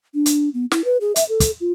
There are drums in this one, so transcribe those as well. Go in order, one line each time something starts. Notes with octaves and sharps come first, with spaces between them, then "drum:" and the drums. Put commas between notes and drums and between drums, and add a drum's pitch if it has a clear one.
D4
drum: hi-hat
B3
E4, drum: snare
B4
G#4
E5, drum: hi-hat
A4
drum: kick, hi-hat
F4